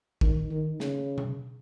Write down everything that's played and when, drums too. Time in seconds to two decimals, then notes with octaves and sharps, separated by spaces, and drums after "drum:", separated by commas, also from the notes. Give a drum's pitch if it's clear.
0.21 D#3, drum: kick
0.50 D#3
0.80 C#3, drum: snare
1.18 drum: tom B2